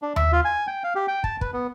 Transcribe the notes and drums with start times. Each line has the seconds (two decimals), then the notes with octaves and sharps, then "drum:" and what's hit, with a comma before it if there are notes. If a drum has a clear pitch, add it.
0.02 D4
0.16 E5, drum: tom D#2
0.32 F4
0.45 G#5
0.67 G5
0.84 F5
0.95 G4
1.08 G5
1.24 A5, drum: kick
1.41 B4, drum: kick
1.54 B3